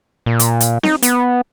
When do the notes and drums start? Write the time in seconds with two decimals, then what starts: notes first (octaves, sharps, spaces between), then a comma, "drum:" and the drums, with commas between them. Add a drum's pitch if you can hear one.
0.26 A#2
0.39 drum: hi-hat
0.60 drum: hi-hat
0.83 D#4, drum: snare C4
1.02 B3, drum: hi-hat